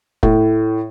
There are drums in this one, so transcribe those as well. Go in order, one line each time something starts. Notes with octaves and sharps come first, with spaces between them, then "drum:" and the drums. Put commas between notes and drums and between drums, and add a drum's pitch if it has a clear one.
A2, drum: kick